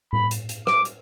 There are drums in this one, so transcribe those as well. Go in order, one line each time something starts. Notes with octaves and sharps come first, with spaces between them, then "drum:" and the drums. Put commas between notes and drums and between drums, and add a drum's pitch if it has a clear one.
B5, drum: tom A2
drum: hi-hat
drum: hi-hat
D6, drum: rim click
drum: hi-hat